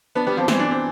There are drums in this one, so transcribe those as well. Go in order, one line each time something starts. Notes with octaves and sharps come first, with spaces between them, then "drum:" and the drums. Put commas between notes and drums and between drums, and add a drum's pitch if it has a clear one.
B3 D4
G3 B3
F3 C4
E3 C4, drum: snare
D4
C4